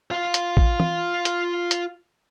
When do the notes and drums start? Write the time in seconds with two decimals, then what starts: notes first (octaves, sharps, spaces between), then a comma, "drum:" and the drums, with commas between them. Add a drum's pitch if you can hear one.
0.11 F4 F5
0.34 drum: hi-hat
0.57 drum: kick
0.80 drum: tom
1.25 drum: hi-hat
1.71 drum: hi-hat